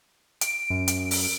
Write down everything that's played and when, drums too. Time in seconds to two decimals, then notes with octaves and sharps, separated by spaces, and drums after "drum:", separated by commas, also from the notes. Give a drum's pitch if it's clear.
0.41 D7, drum: hi-hat
0.70 F#2
0.88 drum: hi-hat
1.11 drum: open hi-hat